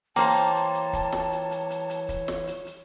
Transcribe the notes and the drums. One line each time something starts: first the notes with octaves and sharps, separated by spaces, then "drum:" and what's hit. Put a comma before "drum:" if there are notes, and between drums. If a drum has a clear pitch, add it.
E3 A#3 C5 C#5 G5 A5 A#5 D6, drum: hi-hat
drum: hi-hat
drum: hi-hat
drum: hi-hat
drum: kick, hi-hat
drum: snare
drum: hi-hat
drum: hi-hat
drum: hi-hat
drum: hi-hat
drum: kick, hi-hat
drum: snare
drum: hi-hat
drum: hi-hat